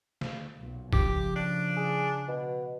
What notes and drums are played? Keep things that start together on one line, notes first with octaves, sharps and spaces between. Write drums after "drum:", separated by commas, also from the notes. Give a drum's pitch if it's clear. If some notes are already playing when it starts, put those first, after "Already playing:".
drum: snare D3
B1 A#2
C#3 F3 G4, drum: kick
D4
G#4
B2